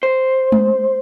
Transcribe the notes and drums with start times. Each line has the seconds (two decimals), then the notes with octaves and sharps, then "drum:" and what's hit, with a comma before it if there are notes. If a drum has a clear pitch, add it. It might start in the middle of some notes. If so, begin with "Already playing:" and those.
0.03 C5
0.52 drum: tom G#3